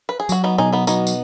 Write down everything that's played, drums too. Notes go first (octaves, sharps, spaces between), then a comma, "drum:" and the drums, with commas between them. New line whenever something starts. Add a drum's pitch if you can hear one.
B4
G#4
F#3 F#4, drum: tambourine
B3 D#4
B2 D#4 G#4
B3 D#4
F#3 B3 D#4, drum: tambourine
drum: tambourine